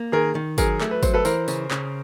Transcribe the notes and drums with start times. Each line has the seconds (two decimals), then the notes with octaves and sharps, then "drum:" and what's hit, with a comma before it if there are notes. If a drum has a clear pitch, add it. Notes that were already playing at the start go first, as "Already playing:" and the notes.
Already playing: A#3
0.12 D#3 G#4 A#4
0.35 D#3
0.58 F#3 G#4 A#4, drum: kick, tambourine
0.81 A3, drum: clap
0.91 B4
1.03 F#3 C5, drum: kick, tambourine
1.14 A4 B4
1.25 E3 A#4 C5, drum: tambourine
1.48 C#3, drum: tambourine
1.71 C#3, drum: clap